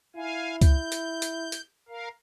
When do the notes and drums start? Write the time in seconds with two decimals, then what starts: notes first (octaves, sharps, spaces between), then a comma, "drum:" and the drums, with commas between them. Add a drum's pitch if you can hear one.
0.16 E4 F5 G#5
0.61 G6, drum: kick C#2, hi-hat
0.92 drum: hi-hat
1.22 drum: hi-hat
1.52 drum: hi-hat
1.89 A#4 F5